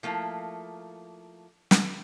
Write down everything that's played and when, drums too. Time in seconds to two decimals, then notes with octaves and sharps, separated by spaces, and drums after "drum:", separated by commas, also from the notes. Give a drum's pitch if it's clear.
0.03 F3 A3 A#3 E4
1.71 drum: snare